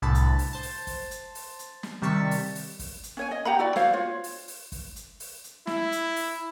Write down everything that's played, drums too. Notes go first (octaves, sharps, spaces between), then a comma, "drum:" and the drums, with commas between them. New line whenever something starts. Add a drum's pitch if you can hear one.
C2 A2 D3 A5 B5 A6
drum: hi-hat
drum: open hi-hat
C5 A5
drum: open hi-hat
drum: kick, open hi-hat
drum: hi-hat
drum: open hi-hat
drum: hi-hat
drum: snare
C3 D#3 G3 A5 C#6 B6
drum: open hi-hat
drum: open hi-hat
drum: kick, open hi-hat
drum: hi-hat
C#4 C#5 G#5
D#5
G4 F#5 A#5 B5
E4 F#4 D5
F#4 C5 C#5 F5, drum: snare
F4 C#5
drum: open hi-hat
drum: open hi-hat
drum: kick, open hi-hat
drum: hi-hat
drum: open hi-hat
drum: hi-hat
E4, drum: snare
drum: hi-hat
drum: open hi-hat